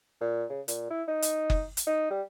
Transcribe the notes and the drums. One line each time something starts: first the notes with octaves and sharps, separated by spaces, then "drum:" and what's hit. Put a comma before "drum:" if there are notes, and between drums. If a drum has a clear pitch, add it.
A#2
C#3
A#2, drum: hi-hat
E4
D#4
drum: hi-hat
drum: kick F#1
drum: hi-hat
D#4
G3